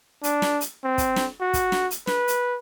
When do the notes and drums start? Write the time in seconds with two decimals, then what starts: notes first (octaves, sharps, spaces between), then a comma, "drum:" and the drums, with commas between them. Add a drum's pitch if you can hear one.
0.24 D4, drum: hi-hat
0.42 drum: snare
0.61 drum: hi-hat
0.84 C4
0.98 drum: kick, hi-hat
1.16 drum: snare
1.41 F#4
1.53 drum: kick, hi-hat
1.72 drum: snare
1.91 drum: hi-hat
2.07 B4, drum: snare
2.28 drum: hi-hat